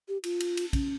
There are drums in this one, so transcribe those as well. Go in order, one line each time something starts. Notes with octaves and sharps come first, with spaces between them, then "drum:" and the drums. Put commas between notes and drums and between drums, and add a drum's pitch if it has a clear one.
G4
F4, drum: cymbal
drum: cymbal
drum: cymbal
C#4, drum: kick, cymbal